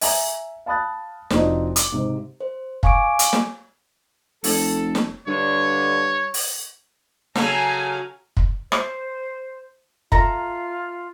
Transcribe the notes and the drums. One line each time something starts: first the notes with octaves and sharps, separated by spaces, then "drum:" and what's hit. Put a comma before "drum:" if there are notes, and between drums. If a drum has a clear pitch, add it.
E5 G#5 A#5, drum: open hi-hat
F5 A5 B5 D#6 F#6 A6
F1 C4 D4 D#4 F4 F#4, drum: snare
D6, drum: hi-hat
G#2 C3
C5
F5 G#5 C#6 D6 D7, drum: kick
drum: hi-hat
drum: snare
F1 A4, drum: open hi-hat
drum: snare
G2 D3 C#5
drum: open hi-hat
C#3 F#3 A4 G#5 A#5, drum: snare
drum: kick
C5, drum: rim click
F4 A4 E5 A#5, drum: kick